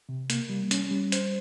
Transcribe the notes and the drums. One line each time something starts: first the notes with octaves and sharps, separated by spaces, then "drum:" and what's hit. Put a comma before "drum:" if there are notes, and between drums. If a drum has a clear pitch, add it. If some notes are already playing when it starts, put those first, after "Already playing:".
C3
A#3, drum: hi-hat
G3
C#4, drum: hi-hat
G3
C5, drum: hi-hat